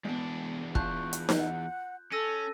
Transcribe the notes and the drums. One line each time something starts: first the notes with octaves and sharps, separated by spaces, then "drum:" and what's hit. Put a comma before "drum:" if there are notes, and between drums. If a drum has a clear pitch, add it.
E2 G#3 B3 D4
F4 F5 A5 C#6 F#6 G6, drum: kick
drum: hi-hat
drum: snare D#4
F#5
C#4 A4 E6 A#6 D#7